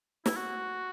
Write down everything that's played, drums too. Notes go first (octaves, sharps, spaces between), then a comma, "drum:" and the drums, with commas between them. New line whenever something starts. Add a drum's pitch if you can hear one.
E4, drum: snare
F#4